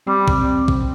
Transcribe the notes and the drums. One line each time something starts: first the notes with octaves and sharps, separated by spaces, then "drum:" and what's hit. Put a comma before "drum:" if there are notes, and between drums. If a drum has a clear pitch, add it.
G3 C4
drum: kick A#1
drum: kick A#1